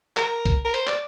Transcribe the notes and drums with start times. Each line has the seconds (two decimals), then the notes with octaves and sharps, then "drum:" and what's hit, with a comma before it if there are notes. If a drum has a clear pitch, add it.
0.17 A#4, drum: clap
0.45 drum: kick, hi-hat
0.65 A#4
0.74 C5, drum: hi-hat
0.87 D5, drum: clap